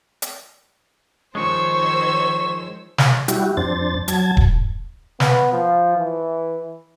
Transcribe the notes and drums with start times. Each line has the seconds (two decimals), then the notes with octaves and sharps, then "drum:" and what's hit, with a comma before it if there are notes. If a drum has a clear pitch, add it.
0.22 drum: hi-hat
1.35 D#3 F3 G#3 C5 C#5 C#6 E6
2.98 drum: snare
3.28 G3 E4 F#4 G4, drum: hi-hat
3.57 F2 D4 C5 A6
4.08 F#3 A5 G#6, drum: hi-hat
4.37 drum: kick D#1
5.20 B3, drum: snare
5.53 F3
5.97 E3